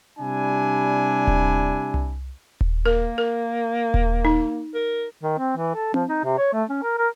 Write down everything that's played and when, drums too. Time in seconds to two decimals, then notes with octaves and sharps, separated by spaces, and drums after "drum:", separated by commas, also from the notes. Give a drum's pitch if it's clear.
0.19 C3 G3 D4 E4 G#5
1.27 drum: kick D#1
1.94 drum: tom C2
2.61 drum: kick D#1
2.86 A#3 A#4
3.18 A#4
3.94 drum: kick D#1
4.25 D#4
4.74 A#4
5.23 D#3
5.38 C4
5.57 E3
5.75 A4
5.94 F3, drum: tom C4
6.09 D#4
6.24 C3
6.38 C#5
6.53 A3
6.69 C#4
6.83 A#4
6.98 A#4